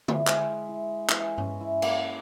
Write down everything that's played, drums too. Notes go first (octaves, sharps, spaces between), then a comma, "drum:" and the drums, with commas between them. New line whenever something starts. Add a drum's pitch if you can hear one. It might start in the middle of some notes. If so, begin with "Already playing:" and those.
E4, drum: tom
G#3, drum: clap
E4
E3, drum: clap
C#4, drum: tom G2
E4
A#3, drum: cymbal